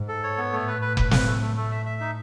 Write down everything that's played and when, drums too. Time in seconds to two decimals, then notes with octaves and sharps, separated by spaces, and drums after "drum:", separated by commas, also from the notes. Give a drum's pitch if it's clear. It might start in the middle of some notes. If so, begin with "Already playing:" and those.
Already playing: G#2
0.08 A4
0.23 C#5
0.37 B3
0.52 A2 A3
0.67 B4
0.82 B4
0.97 B4, drum: kick F1
1.11 B4, drum: snare
1.27 A3
1.41 A3
1.56 A3
1.71 E5
1.86 E5
2.01 D#4